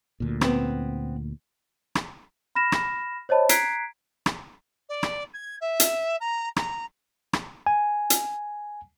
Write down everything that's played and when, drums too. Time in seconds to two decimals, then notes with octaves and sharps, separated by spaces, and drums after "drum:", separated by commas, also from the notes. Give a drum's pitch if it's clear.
0.20 D2 A#2
0.41 B3 C4, drum: rim click
1.95 drum: rim click
2.55 B5 F6 A#6 E7
2.72 drum: rim click
3.29 C5 C#5 D#5 A5 B5
3.49 A#5 F#6 G#6 B6 C7 D7, drum: hi-hat
4.26 drum: rim click
4.89 D5
5.03 drum: rim click
5.34 G#6
5.61 E5
5.80 drum: hi-hat
6.20 A#5
6.56 A#5, drum: rim click
7.33 drum: rim click
7.67 G#5
8.10 drum: hi-hat